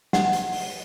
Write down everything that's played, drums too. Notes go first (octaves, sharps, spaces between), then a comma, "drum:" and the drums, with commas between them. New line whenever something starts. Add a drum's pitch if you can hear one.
F#5, drum: snare
drum: hi-hat
drum: open hi-hat